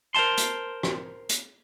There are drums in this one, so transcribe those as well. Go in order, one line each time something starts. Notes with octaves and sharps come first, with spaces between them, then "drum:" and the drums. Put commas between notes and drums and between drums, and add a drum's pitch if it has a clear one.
A#4 C5 F5 A5 C6
drum: hi-hat
drum: rim click
drum: hi-hat